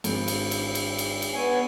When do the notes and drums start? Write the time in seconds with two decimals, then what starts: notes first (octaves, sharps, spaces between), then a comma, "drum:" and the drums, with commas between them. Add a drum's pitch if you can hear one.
0.04 G#1, drum: cymbal
0.28 drum: cymbal
0.51 drum: cymbal
0.75 drum: cymbal
0.98 drum: cymbal
1.22 drum: cymbal
1.34 B3 C#5 G#5